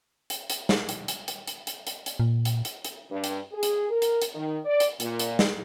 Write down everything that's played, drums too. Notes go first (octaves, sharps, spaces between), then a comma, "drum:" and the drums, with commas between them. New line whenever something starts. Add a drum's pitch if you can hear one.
drum: hi-hat
drum: hi-hat
drum: snare
drum: hi-hat
drum: hi-hat
drum: hi-hat
drum: hi-hat
drum: hi-hat
drum: hi-hat
drum: hi-hat
A#2
drum: hi-hat
drum: hi-hat
drum: hi-hat
G2
drum: hi-hat
G#4
drum: hi-hat
A#4
drum: hi-hat
drum: hi-hat
D#3
D5
drum: hi-hat
A#2, drum: hi-hat
drum: hi-hat
drum: snare